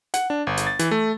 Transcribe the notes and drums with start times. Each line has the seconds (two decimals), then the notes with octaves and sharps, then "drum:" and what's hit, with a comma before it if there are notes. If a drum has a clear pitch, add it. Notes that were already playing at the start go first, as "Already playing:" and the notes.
0.14 F#5, drum: hi-hat
0.30 D4
0.47 G1
0.57 drum: hi-hat
0.67 A6
0.79 E3, drum: hi-hat
0.91 A3